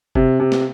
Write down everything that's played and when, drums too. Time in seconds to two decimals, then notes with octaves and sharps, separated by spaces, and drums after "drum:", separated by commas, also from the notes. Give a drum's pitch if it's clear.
0.15 C3, drum: kick
0.40 C3
0.52 drum: snare